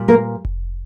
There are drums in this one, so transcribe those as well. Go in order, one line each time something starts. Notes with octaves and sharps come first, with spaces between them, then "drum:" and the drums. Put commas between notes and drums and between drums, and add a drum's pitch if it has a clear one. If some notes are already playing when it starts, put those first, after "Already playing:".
Already playing: A#2 G3
A#3 A#4
drum: kick F1